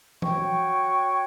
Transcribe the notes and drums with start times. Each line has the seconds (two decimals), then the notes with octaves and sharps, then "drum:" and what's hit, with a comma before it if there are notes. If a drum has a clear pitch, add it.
0.22 F#4 C#5 G5 C#6, drum: tom